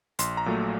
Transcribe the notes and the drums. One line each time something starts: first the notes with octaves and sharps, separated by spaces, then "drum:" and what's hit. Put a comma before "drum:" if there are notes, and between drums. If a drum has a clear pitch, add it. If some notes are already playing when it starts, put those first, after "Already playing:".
A#1 C6, drum: hi-hat
A#5
A#2 F#3 A3